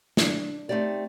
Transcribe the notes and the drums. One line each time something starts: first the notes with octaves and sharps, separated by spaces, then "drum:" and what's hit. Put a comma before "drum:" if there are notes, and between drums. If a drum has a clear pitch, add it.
D4, drum: snare
A3 C4 D#4 G4 D5